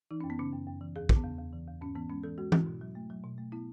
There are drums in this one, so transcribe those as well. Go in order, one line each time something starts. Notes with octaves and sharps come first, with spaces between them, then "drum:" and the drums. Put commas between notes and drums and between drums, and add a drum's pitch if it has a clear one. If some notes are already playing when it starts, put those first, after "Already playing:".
E3 D#4
F#2 C#4
B3
C#3 C#4
F#2
F#2
E3
E2 G#4
C#3, drum: kick
B3
E2
E2
E3
E2
G#2 C#4
E3 B3
G#3 C#4
E3 A4
G#3 F#4
G#2 E4, drum: tom E3
B2
F#3
A3
F#3
B2
A3
B3 E4